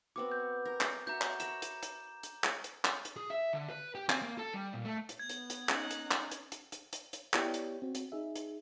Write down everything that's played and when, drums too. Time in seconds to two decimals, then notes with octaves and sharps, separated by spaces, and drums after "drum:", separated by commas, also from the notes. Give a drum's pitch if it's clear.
0.16 B3 C4 F#4 D6
0.32 G6
0.66 A#4
0.81 drum: clap
1.07 F#4 E5 A#5 G6
1.21 drum: clap
1.40 A#4 C#5 B5 E7, drum: hi-hat
1.62 drum: hi-hat
1.83 drum: hi-hat
2.23 drum: hi-hat
2.44 drum: clap
2.64 drum: hi-hat
2.85 drum: clap
3.05 drum: hi-hat
3.16 G#4
3.30 E5
3.53 D3
3.69 B4
3.95 G4
4.09 C4, drum: clap
4.22 A#3
4.38 A4
4.54 G3
4.73 A#2
4.85 A3
5.09 drum: hi-hat
5.19 B3 G#6
5.29 drum: hi-hat
5.50 drum: hi-hat
5.69 C#4 D#4 F#6, drum: clap
5.91 drum: hi-hat
6.11 drum: clap
6.31 drum: hi-hat
6.52 drum: hi-hat
6.72 drum: hi-hat
6.93 drum: hi-hat
7.13 drum: hi-hat
7.34 B3 E4 G4 C#5 D5 G5, drum: clap
7.54 drum: hi-hat
7.82 C4 F#4
7.95 drum: hi-hat
8.12 D#4 G#4 E5
8.36 drum: hi-hat